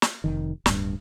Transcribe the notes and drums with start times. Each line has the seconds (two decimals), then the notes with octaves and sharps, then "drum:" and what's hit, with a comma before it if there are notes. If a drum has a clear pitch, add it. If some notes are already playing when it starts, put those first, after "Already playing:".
0.02 drum: snare
0.24 F1 D#3
0.66 D1 G2, drum: snare